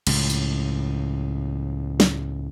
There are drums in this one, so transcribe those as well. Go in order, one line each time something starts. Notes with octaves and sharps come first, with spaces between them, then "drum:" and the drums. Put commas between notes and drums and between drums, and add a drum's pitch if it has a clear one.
C#2 A2, drum: cymbal
drum: tambourine
drum: snare